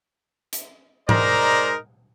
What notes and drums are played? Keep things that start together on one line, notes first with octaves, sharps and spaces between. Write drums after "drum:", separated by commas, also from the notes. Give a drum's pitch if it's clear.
drum: hi-hat
G#3 D#4 A#4 C5 D5 A#5, drum: tom G#2